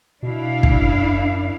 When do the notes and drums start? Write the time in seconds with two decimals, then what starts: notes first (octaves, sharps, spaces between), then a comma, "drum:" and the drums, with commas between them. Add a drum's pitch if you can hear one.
0.23 B2 D4 E4 F5
0.63 drum: kick
0.81 F#2